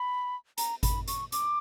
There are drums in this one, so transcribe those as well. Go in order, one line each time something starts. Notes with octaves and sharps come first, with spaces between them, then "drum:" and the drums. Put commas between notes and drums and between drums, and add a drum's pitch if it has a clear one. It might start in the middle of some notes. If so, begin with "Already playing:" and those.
Already playing: B5
A#5, drum: hi-hat
B5, drum: kick G#1, hi-hat
C#6, drum: hi-hat
D6, drum: hi-hat